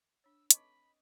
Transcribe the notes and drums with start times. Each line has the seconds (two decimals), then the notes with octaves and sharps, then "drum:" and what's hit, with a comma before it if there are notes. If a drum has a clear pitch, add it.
0.24 D4 C#5 E6
0.51 C4 B4 C#5 D#5 B5 C#6 D6, drum: hi-hat